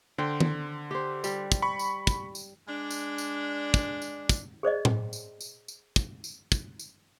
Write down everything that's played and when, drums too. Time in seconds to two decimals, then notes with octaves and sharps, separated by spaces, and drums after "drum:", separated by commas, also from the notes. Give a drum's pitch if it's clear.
0.18 D3 C5 G5
0.40 drum: tom D#3
0.91 G4 C5
1.24 G3, drum: tambourine
1.52 drum: kick, tambourine
1.62 B5 C#6
1.79 drum: tambourine
2.07 drum: kick, tambourine
2.35 drum: tambourine
2.68 G#3 D4
2.91 drum: tambourine
3.18 drum: tambourine
3.74 drum: kick, tambourine
4.02 drum: tambourine
4.29 drum: kick, tambourine
4.63 G#4 C5 D5 D#5
4.85 drum: tom A2
5.13 drum: tambourine
5.41 drum: tambourine
5.68 drum: tambourine
5.96 drum: kick, tambourine
6.24 drum: tambourine
6.52 drum: kick, tambourine
6.79 drum: tambourine